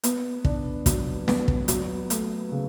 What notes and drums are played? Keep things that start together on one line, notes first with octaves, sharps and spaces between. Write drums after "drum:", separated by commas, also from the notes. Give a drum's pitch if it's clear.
B3, drum: hi-hat
D4, drum: kick
F#3, drum: kick, hi-hat
B3, drum: snare
drum: kick
F#3, drum: hi-hat
A3, drum: hi-hat
C#3